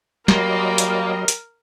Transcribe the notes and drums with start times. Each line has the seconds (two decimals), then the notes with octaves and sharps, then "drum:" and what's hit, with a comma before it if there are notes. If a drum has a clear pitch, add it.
0.28 F#3 G3 A#3 A#4 D#5 C6, drum: snare
0.78 drum: hi-hat
1.28 drum: hi-hat